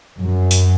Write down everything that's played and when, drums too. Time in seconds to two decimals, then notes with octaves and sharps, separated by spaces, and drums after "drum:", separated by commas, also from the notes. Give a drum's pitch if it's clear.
0.19 F#2
0.51 drum: open hi-hat